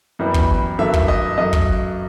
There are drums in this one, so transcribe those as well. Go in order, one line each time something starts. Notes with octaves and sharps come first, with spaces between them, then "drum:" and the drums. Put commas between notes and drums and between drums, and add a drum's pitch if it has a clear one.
F#2 E3 G3 B3
drum: kick
G2 D#3 F#3 A3 E5
drum: kick
D#5
F#2 F#3 A3 D#5
drum: kick